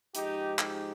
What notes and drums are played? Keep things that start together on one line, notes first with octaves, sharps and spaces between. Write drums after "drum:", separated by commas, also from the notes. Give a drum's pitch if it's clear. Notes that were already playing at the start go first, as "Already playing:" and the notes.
G#2 F3 G#3 D#4 G4, drum: hi-hat
D#4 G4, drum: clap